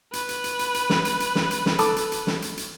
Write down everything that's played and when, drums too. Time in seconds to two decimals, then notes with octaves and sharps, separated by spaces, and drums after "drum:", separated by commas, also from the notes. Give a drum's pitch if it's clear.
0.13 B4, drum: hi-hat
0.29 drum: hi-hat
0.44 drum: hi-hat
0.59 drum: hi-hat
0.74 drum: hi-hat
0.90 drum: snare
1.05 drum: hi-hat
1.20 drum: hi-hat
1.35 drum: snare
1.51 drum: hi-hat
1.66 drum: snare
1.79 A4 D6, drum: hi-hat
1.96 drum: hi-hat
2.12 drum: hi-hat
2.27 drum: snare
2.42 drum: hi-hat
2.57 drum: hi-hat